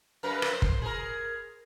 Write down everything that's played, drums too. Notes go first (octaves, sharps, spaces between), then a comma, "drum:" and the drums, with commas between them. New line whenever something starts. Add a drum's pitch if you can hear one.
F#2 A#4 B4
drum: rim click
C5
drum: kick
G#4 A#4